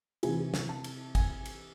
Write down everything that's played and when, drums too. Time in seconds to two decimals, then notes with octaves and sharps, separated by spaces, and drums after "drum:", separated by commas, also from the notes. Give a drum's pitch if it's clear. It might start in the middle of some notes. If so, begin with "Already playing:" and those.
0.23 C3 E3 G#5, drum: cymbal
0.54 drum: snare
0.69 A5
0.84 drum: cymbal
1.15 G#5, drum: kick, cymbal
1.45 drum: cymbal